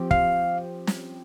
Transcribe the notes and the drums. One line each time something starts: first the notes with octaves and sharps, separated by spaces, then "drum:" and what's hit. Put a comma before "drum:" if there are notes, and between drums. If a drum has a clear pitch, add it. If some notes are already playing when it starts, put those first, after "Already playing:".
Already playing: F3 C4 G4
F5, drum: kick
drum: snare